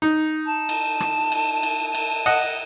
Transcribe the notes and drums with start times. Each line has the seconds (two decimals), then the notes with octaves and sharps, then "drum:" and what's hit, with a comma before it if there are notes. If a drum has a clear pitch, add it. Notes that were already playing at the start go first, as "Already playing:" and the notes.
0.02 D#4
0.46 A5
0.69 drum: cymbal
1.00 drum: rim click
1.32 drum: cymbal
1.63 drum: cymbal
1.95 drum: cymbal
2.26 D#5 F#5, drum: cymbal